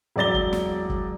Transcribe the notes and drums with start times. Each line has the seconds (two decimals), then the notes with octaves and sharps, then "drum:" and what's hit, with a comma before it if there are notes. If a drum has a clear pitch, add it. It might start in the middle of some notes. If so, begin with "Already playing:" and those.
0.16 E1 F#3 D5 A6 G7
0.34 drum: kick
0.53 drum: snare
0.90 drum: kick